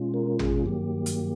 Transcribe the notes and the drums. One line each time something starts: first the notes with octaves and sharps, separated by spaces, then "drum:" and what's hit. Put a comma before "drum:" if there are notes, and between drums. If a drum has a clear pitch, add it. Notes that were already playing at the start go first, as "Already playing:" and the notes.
Already playing: B2 G#3 C#4 F4
A#4
G#4, drum: tom
G2 D#3 F#3 A#3 G4
drum: hi-hat